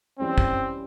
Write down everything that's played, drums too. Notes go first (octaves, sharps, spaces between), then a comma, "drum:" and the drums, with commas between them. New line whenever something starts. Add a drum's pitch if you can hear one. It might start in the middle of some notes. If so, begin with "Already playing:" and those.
E3 G3 C4 C#4
drum: kick